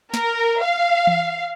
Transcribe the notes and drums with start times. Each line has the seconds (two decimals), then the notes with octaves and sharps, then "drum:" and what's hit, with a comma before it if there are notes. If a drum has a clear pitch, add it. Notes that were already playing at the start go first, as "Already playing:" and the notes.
0.14 A#4, drum: snare
0.62 F5
1.07 drum: tom E3